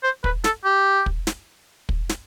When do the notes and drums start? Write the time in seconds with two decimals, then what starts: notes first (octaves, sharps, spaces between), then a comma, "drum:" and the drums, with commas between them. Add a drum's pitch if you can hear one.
0.03 C5
0.24 B4, drum: kick
0.44 A4, drum: snare
0.65 G4
1.06 drum: kick
1.27 drum: snare
1.89 drum: kick
2.09 drum: snare